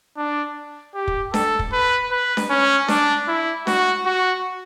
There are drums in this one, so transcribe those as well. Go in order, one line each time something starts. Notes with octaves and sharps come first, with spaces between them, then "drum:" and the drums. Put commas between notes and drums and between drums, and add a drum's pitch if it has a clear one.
D4
G4
drum: kick
A4, drum: snare D4
drum: kick
B4
B4
drum: snare D4
C#4
D4, drum: snare D4
E4
F#4, drum: snare D4
F#4